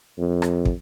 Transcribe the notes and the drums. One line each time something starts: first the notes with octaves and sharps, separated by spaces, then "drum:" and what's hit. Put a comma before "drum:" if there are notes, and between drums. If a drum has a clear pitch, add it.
F2
drum: rim click
drum: kick